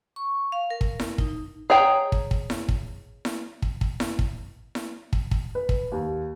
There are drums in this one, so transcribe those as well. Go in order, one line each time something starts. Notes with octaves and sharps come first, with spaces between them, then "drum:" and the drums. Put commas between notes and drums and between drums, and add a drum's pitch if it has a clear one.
C#6
F5
A#4
drum: kick
drum: snare E4
D#4, drum: kick
G#4 C#5 G5 A#5
drum: kick
drum: kick
drum: snare E4
drum: kick
drum: snare E4
drum: kick
drum: kick
drum: snare E4
drum: kick
drum: snare E4
drum: kick
drum: kick
B4
drum: kick
D#2